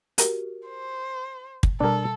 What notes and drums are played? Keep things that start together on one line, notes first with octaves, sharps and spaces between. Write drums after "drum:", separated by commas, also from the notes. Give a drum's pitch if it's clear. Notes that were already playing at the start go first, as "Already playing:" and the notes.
F#4 G4 A#4, drum: hi-hat
C5
drum: kick
B2 G3 D4 A4 A#4